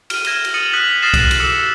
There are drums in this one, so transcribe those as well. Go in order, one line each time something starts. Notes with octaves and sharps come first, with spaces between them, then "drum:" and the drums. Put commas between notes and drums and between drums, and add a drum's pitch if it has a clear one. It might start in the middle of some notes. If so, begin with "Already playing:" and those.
F6 D#7, drum: cymbal
G#6 A#6 D#7 E7 G7, drum: cymbal
drum: cymbal
D#6 A6 A#6 C#7 D#7 F#7
D#6 F#6 B6 F#7
D#6 F6 A6 A#6 C7 E7
drum: kick C2, cymbal
drum: cymbal
D6 E6 C#7